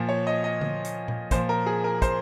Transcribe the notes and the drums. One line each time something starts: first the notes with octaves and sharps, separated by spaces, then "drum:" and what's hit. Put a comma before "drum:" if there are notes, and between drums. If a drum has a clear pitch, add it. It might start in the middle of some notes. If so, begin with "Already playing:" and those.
Already playing: A#2 F3
C#5
D#5
D#5
drum: tom D3
drum: hi-hat
drum: tom A#2
A#2 F3 C5, drum: kick, hi-hat
A#4
G#4
A#4
C5, drum: kick, hi-hat